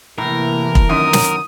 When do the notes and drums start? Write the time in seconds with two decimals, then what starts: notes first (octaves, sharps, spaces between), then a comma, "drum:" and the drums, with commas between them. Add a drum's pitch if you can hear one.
0.18 A2 C3 E3 A#3 A#4
0.75 drum: kick
0.89 F#2 D#3 D#6
1.13 drum: snare